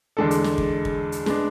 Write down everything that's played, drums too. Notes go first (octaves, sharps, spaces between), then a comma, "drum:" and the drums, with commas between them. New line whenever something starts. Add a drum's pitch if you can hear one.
E2 D3 G#3 D4 A4
drum: hi-hat
drum: snare
drum: kick
drum: kick
drum: hi-hat
G#3 B3 D4, drum: snare